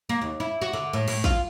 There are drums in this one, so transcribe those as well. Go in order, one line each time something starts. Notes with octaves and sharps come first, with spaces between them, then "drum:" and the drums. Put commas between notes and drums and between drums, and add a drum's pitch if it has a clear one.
A#3
D#2
E4
F#4
D3
A2
A2, drum: cymbal
F4, drum: kick A1